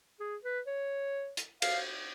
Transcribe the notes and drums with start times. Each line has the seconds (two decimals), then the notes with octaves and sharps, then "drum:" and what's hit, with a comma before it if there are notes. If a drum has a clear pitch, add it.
0.20 G#4
0.44 B4
0.67 C#5
1.37 drum: hi-hat
1.62 F5, drum: cymbal